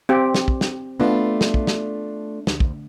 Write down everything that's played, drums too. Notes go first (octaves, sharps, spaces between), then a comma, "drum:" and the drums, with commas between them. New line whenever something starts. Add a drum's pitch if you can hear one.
C4 G4
drum: snare
drum: kick
drum: snare
A3 B3 D4 F4
drum: snare
drum: kick
drum: snare
D2, drum: snare
drum: kick